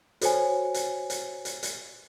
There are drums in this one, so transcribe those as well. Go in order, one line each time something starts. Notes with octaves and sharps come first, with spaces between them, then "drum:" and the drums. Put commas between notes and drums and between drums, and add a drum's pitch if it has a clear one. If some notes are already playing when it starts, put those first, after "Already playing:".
F#4 A4 C5 C#5 G#5, drum: hi-hat
drum: hi-hat
drum: hi-hat
drum: hi-hat
drum: hi-hat